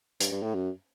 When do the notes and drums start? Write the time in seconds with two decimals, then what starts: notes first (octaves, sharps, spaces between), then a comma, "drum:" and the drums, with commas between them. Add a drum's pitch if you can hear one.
0.20 G2, drum: hi-hat
0.31 G2
0.43 A2
0.55 F#2